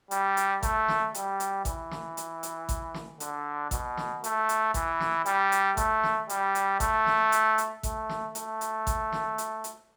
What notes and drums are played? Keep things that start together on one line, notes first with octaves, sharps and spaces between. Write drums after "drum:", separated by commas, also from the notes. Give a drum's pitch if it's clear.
G3, drum: hi-hat
drum: hi-hat
A3, drum: kick G#1, hi-hat
drum: snare
G3, drum: hi-hat
drum: hi-hat
E3, drum: kick G#1, hi-hat
drum: snare
drum: hi-hat
drum: hi-hat
drum: kick G#1, hi-hat
drum: snare
D3, drum: hi-hat
B2, drum: kick G#1, hi-hat
drum: snare
A3, drum: hi-hat
drum: hi-hat
E3, drum: kick G#1, hi-hat
drum: snare
G3, drum: hi-hat
drum: hi-hat
A3, drum: kick G#1, hi-hat
drum: snare
G3, drum: hi-hat
drum: hi-hat
A3, drum: kick G#1, hi-hat
drum: snare
drum: hi-hat
drum: hi-hat
A3, drum: kick G#1, hi-hat
drum: snare
A3, drum: hi-hat
drum: hi-hat
drum: kick G#1, hi-hat
drum: snare
drum: hi-hat
drum: hi-hat